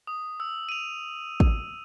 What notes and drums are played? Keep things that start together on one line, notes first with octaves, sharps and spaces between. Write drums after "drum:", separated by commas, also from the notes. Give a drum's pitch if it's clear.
D#6
E6
D#7 F7
drum: kick